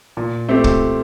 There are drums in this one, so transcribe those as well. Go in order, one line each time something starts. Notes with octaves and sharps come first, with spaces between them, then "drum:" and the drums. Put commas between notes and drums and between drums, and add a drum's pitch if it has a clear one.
A#2
A3 C4 G4
drum: kick